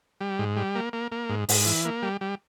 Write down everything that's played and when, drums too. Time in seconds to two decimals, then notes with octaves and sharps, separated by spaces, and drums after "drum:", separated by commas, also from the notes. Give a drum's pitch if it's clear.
0.21 G3
0.39 G#2
0.57 G3
0.75 A#3
0.93 A#3
1.12 A#3
1.29 G#2
1.49 G#2, drum: open hi-hat
1.66 E3
1.85 A#3
2.02 G3
2.21 G3